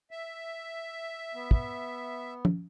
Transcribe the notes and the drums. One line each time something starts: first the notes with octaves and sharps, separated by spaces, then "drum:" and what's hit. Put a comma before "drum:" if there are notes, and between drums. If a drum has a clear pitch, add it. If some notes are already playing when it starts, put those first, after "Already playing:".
E5
B3
drum: kick
drum: tom